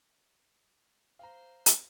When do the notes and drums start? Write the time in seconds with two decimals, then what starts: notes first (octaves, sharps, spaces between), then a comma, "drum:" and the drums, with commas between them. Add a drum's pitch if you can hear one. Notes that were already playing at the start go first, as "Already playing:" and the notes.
1.19 C5 F5 A#5 C6
1.66 drum: hi-hat